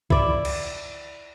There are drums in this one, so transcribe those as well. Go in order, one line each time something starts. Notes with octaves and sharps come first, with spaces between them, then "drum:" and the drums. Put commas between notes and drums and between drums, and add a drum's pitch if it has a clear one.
E4 D5, drum: kick C2
drum: cymbal